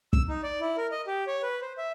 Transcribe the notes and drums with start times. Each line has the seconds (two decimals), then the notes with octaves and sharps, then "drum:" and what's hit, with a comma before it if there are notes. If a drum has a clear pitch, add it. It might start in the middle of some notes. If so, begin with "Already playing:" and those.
0.13 E6, drum: kick
0.29 D#4
0.43 D5
0.60 E4
0.77 A#4
0.92 D#5
1.07 G4
1.27 C#5
1.43 B4
1.62 C5
1.78 E5